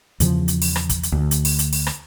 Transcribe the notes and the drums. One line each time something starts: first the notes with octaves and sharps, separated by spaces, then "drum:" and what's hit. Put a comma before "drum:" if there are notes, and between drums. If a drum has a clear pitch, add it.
E2 C#3 F3, drum: hi-hat
drum: hi-hat
drum: open hi-hat
drum: rim click
drum: kick, hi-hat
drum: hi-hat
D2
drum: hi-hat
drum: open hi-hat
drum: hi-hat
drum: open hi-hat
drum: rim click